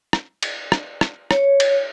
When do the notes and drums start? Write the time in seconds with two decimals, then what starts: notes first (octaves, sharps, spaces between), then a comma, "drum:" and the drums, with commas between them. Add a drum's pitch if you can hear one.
0.13 drum: rim click
0.43 drum: cymbal
0.72 drum: rim click
1.01 drum: rim click
1.31 C#5, drum: rim click
1.60 drum: cymbal